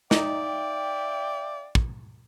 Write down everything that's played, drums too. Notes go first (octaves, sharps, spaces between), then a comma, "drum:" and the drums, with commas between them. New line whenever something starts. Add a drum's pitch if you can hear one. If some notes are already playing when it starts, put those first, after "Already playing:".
D#4 D5 E5 F5 G5, drum: snare
drum: kick